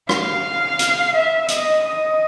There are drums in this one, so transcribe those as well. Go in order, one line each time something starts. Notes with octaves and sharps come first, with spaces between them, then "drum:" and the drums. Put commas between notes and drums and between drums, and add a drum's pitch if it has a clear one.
F5, drum: rim click
drum: hi-hat
E5
D#5, drum: hi-hat
D#5